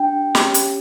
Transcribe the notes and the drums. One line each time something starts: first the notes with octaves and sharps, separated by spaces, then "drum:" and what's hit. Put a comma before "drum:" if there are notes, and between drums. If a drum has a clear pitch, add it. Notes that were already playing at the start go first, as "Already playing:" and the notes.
Already playing: D4 G4 G5
C#4 G4, drum: snare
drum: hi-hat